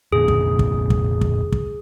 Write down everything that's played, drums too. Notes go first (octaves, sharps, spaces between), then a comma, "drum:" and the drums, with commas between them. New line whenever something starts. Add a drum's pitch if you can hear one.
F1 A#2 D3 G#4
drum: kick
drum: kick
drum: kick
drum: kick
drum: kick